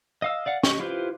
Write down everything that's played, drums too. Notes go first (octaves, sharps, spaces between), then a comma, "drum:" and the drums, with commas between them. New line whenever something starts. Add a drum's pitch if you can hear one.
D#5 F5 E6
D5 F5 F#5
G4 D#5 C#6, drum: snare
E4 F4 G4 B4 C5